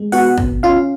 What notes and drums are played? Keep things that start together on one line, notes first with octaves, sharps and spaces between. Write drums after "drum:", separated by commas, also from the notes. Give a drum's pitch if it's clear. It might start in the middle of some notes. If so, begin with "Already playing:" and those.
Already playing: G#3
B3 F#4 F#5, drum: open hi-hat
B2, drum: kick
C#4 F4 F5